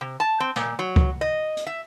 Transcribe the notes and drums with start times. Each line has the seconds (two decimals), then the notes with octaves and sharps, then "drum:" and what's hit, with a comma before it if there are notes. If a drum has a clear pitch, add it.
0.01 C3
0.20 A5
0.40 C4
0.56 A#2, drum: snare
0.79 F#3
0.96 drum: kick C#2
1.21 D#5
1.57 drum: hi-hat
1.67 E5